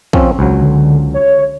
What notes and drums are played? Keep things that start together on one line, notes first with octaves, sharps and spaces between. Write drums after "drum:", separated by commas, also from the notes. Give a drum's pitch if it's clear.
F3 C4 C#4, drum: kick
C#2 F#3
D3
C#5